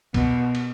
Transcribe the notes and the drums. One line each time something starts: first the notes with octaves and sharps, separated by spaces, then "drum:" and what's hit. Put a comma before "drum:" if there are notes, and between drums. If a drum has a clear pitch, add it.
B2, drum: kick, cymbal
drum: cymbal